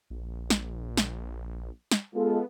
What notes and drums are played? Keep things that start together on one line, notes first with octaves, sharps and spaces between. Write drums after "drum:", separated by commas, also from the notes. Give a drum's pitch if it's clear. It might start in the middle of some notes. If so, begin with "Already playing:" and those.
A#1
drum: snare
drum: snare
drum: snare
G#3 B3 F4 A4